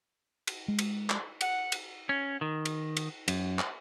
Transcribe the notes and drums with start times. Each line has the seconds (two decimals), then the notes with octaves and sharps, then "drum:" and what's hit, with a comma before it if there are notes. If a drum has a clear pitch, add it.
0.47 drum: cymbal
0.68 G#3
0.79 drum: cymbal
1.10 drum: clap
1.41 F#5, drum: cymbal
1.72 drum: cymbal
2.09 C#4
2.41 D#3
2.65 drum: cymbal
2.97 drum: cymbal
3.28 F#2, drum: cymbal
3.59 drum: clap